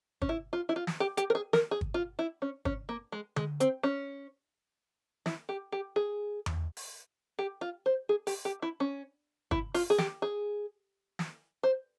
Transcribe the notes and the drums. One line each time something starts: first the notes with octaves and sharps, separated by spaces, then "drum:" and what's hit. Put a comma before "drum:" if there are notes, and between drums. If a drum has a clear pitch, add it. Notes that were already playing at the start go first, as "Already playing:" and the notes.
C#4, drum: kick G1
E4
F4
E4
F4
drum: snare
G4
G4, drum: hi-hat
A#4
G#4
A#4, drum: snare
G#4
drum: kick G1
F4
E4
C#4
C#4, drum: kick G1
A#3
G#3
G#3, drum: tom D3
C4, drum: hi-hat
C#4
E4, drum: snare
G4
G4
G#4
drum: tom E2
drum: open hi-hat
G4
F4
C5
G#4
G4, drum: open hi-hat
G4
E4
C#4
E4, drum: kick G1
F4, drum: open hi-hat
G#4
G4, drum: snare
G#4
drum: snare
C5